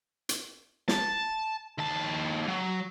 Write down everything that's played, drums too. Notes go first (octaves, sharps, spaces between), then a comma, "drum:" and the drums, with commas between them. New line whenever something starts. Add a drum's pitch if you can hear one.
drum: hi-hat
A5, drum: snare
D#2 A5
F#3